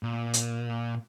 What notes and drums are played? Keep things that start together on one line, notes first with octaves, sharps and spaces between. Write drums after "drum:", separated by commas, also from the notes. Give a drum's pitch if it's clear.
A#2
drum: hi-hat